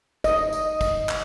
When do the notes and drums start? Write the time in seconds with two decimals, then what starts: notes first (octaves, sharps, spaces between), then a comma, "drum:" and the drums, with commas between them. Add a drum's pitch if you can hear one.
0.24 D#5, drum: kick, tambourine
0.53 drum: tambourine
0.81 drum: kick, tambourine
1.09 drum: clap